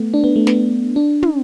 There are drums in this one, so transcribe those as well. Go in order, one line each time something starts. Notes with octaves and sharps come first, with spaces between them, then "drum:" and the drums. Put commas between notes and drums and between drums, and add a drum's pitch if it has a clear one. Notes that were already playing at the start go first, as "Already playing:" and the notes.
Already playing: A3 B3
D4
B3
A3
B3, drum: snare
D4
drum: tom